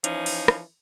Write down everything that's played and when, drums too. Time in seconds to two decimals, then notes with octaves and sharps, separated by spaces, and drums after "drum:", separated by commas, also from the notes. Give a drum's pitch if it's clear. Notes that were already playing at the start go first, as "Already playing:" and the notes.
0.04 E3 F3 C#4 D#4, drum: hi-hat
0.26 drum: open hi-hat
0.48 drum: rim click